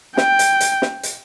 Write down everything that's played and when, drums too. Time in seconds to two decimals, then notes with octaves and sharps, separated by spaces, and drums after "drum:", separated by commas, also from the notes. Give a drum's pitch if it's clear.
0.17 G5, drum: snare
0.39 drum: hi-hat
0.60 drum: hi-hat
0.82 drum: snare
1.03 drum: hi-hat